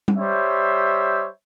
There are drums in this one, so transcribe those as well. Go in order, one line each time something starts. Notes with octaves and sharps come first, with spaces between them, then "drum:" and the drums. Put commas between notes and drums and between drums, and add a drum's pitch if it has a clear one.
drum: tom G3
G3 C5 C#5 E5